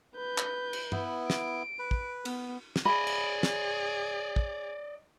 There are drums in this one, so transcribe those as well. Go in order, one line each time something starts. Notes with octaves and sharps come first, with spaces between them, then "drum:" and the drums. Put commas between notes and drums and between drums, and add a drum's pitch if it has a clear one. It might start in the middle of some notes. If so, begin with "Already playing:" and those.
B4 G6
drum: clap
drum: cymbal
B3 E4, drum: tom
D7, drum: snare
B4
drum: kick
B3, drum: cymbal
drum: snare
G#4 D5 D#5 B5
drum: cymbal
drum: snare
drum: kick